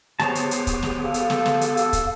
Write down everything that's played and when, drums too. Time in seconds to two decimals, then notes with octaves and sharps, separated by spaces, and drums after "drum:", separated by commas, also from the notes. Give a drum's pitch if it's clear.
0.20 B3 G4 G#4 C5 C#5 A5, drum: snare
0.35 drum: hi-hat
0.51 drum: hi-hat
0.67 drum: kick, hi-hat
0.83 drum: snare
1.04 A4 F5
1.14 drum: hi-hat
1.30 drum: snare
1.46 drum: snare
1.61 drum: hi-hat
1.77 drum: hi-hat
1.93 drum: kick, hi-hat